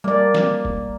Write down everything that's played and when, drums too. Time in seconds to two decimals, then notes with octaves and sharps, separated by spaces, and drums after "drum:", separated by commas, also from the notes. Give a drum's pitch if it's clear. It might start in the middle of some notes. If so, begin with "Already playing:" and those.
0.04 G3 A#3 D5
0.35 drum: snare
0.65 drum: kick